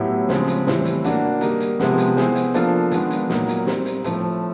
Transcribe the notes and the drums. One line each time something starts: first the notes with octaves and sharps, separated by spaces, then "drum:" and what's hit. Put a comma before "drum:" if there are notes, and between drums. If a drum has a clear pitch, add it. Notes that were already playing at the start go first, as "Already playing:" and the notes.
Already playing: A2 F#3 B3 E4 G4
C#3 F3 G#3 C4, drum: snare
drum: hi-hat
A2 E3 G3 C4, drum: snare
drum: hi-hat
A#3 D4 F#4, drum: hi-hat
D#3 G3 A#3 D#4, drum: hi-hat
drum: hi-hat
C3 F3 G#3 B3, drum: snare
drum: hi-hat
B3 E4 G#4 C5, drum: snare
drum: hi-hat
F3 A#3 D4 F4 A4, drum: hi-hat
D#3 G#3 B3 D4, drum: hi-hat
drum: hi-hat
A#2 F#3 A#3 D#4, drum: snare
drum: hi-hat
G3 C4 D#4, drum: snare
drum: hi-hat
A2 F3 A3, drum: hi-hat